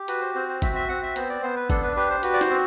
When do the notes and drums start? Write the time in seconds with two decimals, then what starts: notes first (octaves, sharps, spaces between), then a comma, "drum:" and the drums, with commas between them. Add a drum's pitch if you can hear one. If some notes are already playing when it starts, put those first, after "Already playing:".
Already playing: G4
0.08 F#4 B4, drum: hi-hat
0.21 C5
0.35 C4 C5
0.48 C5
0.62 F#4 E5, drum: kick, hi-hat
0.75 E5
0.89 C4 F#5
1.03 E5
1.16 B3 C5, drum: hi-hat
1.29 D5
1.42 B3 C5
1.56 B4
1.70 D4 A4, drum: kick, hi-hat
1.83 B4
1.96 G4 B4
2.10 C5
2.23 F#4 B4, drum: hi-hat
2.33 D5
2.41 C5, drum: snare
2.50 C4